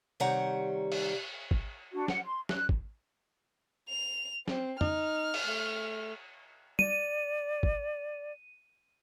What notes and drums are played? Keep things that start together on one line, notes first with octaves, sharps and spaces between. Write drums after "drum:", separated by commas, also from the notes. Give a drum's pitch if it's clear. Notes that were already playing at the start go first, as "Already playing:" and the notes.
C3 D#3 G3 C#5 F#5 A#5
drum: cymbal
drum: kick
D4 F#4
F#5, drum: snare
C6
F#6, drum: snare
drum: kick
F7
C4, drum: snare
D#4 F6, drum: tom
drum: cymbal
A3
D5 D#7, drum: tom
drum: kick